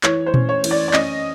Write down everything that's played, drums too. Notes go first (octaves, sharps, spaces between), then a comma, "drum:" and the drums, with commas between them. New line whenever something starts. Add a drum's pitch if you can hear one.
E3 C#5, drum: clap
C5
C#4, drum: tom A#2
C#5
E3, drum: cymbal
D5
D5
C#4 D#5, drum: clap